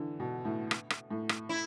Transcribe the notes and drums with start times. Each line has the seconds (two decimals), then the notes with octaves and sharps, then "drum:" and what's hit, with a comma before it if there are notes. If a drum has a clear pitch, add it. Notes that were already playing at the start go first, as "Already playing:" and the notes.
Already playing: D3 E3
0.20 B2
0.45 A2
0.71 drum: rim click
0.90 drum: rim click
1.10 A2
1.29 drum: rim click
1.49 E4